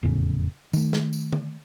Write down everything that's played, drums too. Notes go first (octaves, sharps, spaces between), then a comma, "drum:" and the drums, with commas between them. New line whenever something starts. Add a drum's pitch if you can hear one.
F1 E2 A2 C#3
D#3 A3, drum: tambourine
drum: snare
drum: tambourine
drum: tom D3